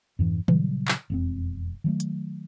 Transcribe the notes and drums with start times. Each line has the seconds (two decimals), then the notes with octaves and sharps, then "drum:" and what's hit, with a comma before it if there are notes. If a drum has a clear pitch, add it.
0.19 F2 G#2 E3
0.48 A#2 C#3 F#3 G3, drum: tom D#3
0.88 drum: clap
1.10 E1 F2 C4
1.84 D#3 F#3 A3
2.00 drum: hi-hat